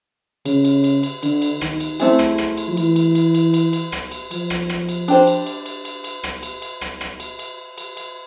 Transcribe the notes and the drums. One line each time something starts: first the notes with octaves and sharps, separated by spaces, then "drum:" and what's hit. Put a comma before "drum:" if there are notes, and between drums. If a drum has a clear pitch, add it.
C#3, drum: cymbal
drum: cymbal
drum: cymbal
drum: cymbal
D3, drum: cymbal
drum: cymbal
D#3, drum: rim click
drum: cymbal
A3 C4 E4 G#4, drum: cymbal
drum: rim click
drum: rim click
drum: cymbal
F3
E3, drum: cymbal
drum: cymbal
drum: cymbal
drum: cymbal
drum: cymbal
drum: cymbal
drum: rim click
drum: cymbal
F3, drum: cymbal
drum: rim click
drum: rim click
drum: cymbal
D4 G4 C5, drum: cymbal
drum: cymbal
drum: cymbal
drum: cymbal
drum: cymbal
drum: cymbal
drum: rim click
drum: cymbal
drum: cymbal
drum: rim click
drum: rim click
drum: cymbal
drum: cymbal
drum: cymbal
drum: cymbal